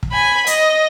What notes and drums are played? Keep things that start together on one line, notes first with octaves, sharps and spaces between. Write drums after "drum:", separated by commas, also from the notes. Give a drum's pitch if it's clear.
drum: kick
G#5 B5
D#5, drum: hi-hat